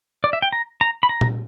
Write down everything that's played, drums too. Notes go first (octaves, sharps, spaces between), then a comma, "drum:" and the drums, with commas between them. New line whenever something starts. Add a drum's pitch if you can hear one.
D5
E5
G5
A#5
A#5
B5
A#5
drum: tom A#2